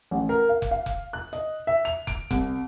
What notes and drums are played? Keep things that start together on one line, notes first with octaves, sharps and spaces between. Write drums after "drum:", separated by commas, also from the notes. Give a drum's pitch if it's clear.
A1
A#4
F5
drum: kick F1
F5
drum: kick F1, hi-hat
F#6
D#5, drum: hi-hat
E5
F7, drum: hi-hat
D7, drum: kick F1
C2, drum: kick F1, hi-hat